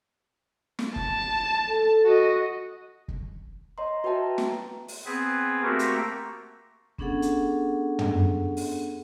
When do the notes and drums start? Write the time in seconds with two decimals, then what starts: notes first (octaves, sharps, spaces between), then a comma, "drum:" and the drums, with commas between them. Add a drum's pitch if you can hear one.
0.79 drum: snare
0.96 A5, drum: kick
1.68 A4
2.05 F#4 D#5
3.08 drum: kick
3.78 C#5 D#5 A#5 C6
4.04 F#4 B4 E5 G5 A5 A#5
4.38 drum: snare
4.88 drum: open hi-hat
5.05 B3 C4 G#4 B4
5.62 A3 A#3 C4 F#4 G4 A#4
5.79 drum: hi-hat
6.98 B3 C#4 D4 G#4 A4 F#5, drum: kick
7.22 drum: hi-hat
7.99 drum: tom
8.57 drum: open hi-hat